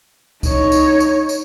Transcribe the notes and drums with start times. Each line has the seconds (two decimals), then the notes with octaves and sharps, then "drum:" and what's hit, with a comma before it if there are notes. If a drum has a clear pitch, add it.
0.43 D#4 C#5, drum: kick C#2, tambourine
0.72 drum: tambourine
1.00 drum: tambourine
1.29 drum: tambourine